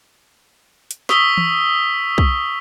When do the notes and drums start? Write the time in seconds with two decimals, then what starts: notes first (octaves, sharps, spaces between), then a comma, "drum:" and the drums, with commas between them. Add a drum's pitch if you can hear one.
0.91 drum: hi-hat
1.09 C#6 D#6 E6 B6 G7, drum: snare
1.38 drum: tom E3
2.18 drum: kick